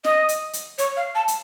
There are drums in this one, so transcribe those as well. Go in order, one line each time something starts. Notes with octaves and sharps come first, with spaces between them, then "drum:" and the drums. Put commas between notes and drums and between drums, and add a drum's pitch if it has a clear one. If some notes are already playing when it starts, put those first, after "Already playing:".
D#5, drum: snare
drum: hi-hat
drum: hi-hat
C#5, drum: hi-hat
F5
A5
drum: hi-hat